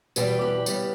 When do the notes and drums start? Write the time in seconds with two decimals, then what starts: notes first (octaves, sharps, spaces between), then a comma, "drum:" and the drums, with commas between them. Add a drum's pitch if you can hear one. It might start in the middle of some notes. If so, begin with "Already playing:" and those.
0.16 E2 B2 G3 G4 B4, drum: tambourine
0.41 G4 B4
0.66 C#3 G3 B3, drum: tambourine